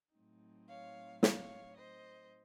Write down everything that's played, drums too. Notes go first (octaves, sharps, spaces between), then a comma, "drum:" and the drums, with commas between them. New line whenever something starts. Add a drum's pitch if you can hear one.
A2 F#3 C4 D#4
C#5 F5
C#5 F5, drum: snare
C5 D#5